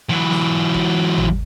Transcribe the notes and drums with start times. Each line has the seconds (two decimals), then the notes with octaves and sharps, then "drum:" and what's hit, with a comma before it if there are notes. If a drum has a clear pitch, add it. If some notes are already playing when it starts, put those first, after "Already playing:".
0.09 E3 F#3
0.31 drum: snare
0.74 drum: kick G#1
1.18 drum: tom G#1